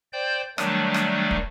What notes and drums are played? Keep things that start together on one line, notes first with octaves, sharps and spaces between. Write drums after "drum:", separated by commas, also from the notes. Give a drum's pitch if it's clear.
C5 D5 G5 G6
D#3 F#3 G3 A3 D4, drum: rim click
drum: rim click
drum: kick